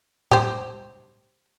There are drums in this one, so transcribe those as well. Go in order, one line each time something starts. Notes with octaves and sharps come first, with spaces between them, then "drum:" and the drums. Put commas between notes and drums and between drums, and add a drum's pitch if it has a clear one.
G4 C5, drum: tom A2